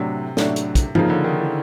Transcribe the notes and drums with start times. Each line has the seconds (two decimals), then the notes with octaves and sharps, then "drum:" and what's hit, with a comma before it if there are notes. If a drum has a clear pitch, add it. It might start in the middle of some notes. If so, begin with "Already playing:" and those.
Already playing: A2 C3 F#3 D4
0.37 A2 F#3 A3 D4, drum: snare
0.56 drum: hi-hat
0.75 drum: kick, hi-hat
0.95 C#3 F3 A#3 D#4, drum: tom G#2
1.10 D3
1.24 D#3
1.39 E3